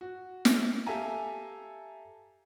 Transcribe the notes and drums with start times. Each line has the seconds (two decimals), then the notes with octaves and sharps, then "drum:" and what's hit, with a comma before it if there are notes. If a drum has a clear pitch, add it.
0.01 F#4
0.45 drum: snare
0.87 G4 A4 E5 F5 G#5 A#5